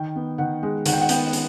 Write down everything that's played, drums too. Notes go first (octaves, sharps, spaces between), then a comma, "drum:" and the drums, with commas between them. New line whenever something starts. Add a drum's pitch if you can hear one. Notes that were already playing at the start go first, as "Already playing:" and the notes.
Already playing: D#3 G5
B3
D#3 F#5
G#3
D#3 F#5, drum: hi-hat
G5
F#5
B3 G5, drum: hi-hat
drum: hi-hat